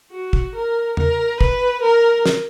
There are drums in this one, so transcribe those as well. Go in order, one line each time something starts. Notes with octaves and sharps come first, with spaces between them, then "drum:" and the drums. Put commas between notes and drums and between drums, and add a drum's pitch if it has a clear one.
F#4
drum: kick
A#4
A#4, drum: tom E2
B4, drum: kick
A#4
drum: snare